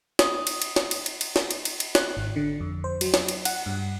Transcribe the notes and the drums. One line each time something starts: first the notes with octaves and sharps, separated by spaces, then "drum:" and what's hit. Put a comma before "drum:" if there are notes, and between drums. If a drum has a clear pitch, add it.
D#6, drum: snare
drum: cymbal
drum: cymbal
drum: snare
drum: cymbal
drum: cymbal
drum: cymbal
drum: snare
drum: cymbal
drum: cymbal
drum: cymbal
F#6, drum: snare
G#1
D3
F2
C5
F#3, drum: cymbal
drum: snare
drum: cymbal
F#5, drum: cymbal
G2